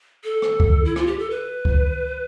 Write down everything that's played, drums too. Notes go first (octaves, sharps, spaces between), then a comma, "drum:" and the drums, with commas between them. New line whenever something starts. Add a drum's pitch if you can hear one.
A4
drum: rim click
drum: kick C#2
E4
F4, drum: rim click
G4
A4
B4
drum: kick C#2